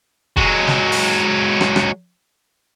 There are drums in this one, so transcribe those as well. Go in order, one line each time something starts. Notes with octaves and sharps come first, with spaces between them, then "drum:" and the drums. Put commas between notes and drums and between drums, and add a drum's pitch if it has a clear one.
F#3 G#3, drum: kick
drum: snare
drum: open hi-hat
drum: rim click
drum: rim click